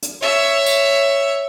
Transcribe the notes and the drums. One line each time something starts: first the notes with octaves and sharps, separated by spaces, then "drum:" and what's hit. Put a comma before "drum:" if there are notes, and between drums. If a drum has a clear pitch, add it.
drum: hi-hat
C#5 E5
drum: tambourine